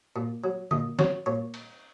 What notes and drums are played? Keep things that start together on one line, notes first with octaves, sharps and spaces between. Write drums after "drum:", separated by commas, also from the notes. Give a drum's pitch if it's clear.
A#2
F#3
A#2 D#5, drum: tom D3
F#3 C#5, drum: snare
A#2 C#5
drum: cymbal